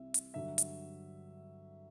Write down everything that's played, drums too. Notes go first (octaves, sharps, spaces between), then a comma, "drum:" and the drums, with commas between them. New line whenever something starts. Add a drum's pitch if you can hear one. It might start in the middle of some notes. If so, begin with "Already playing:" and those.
Already playing: C2 C3 E3 E5
drum: hi-hat
G2 D3 F#3 E5
drum: hi-hat